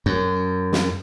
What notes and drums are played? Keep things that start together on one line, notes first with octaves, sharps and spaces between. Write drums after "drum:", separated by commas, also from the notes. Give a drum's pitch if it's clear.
F#2
drum: snare